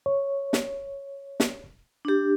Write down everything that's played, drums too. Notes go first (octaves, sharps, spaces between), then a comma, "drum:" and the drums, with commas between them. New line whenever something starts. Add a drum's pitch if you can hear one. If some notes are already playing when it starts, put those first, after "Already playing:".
C#5
drum: snare
drum: snare
D4 G4